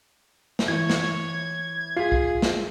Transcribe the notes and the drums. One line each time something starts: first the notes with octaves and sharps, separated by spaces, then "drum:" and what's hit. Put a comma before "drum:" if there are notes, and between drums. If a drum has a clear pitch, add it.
drum: snare
E3 C#5 G#6
drum: snare
F4 G#4 B6 C7
drum: kick C2
drum: snare